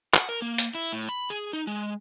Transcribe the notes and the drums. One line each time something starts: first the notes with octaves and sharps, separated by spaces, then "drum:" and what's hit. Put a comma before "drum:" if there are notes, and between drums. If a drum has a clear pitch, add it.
F#5, drum: clap
A#4
A#3
drum: hi-hat
E4
A2
B5
G#4
D#4
G#3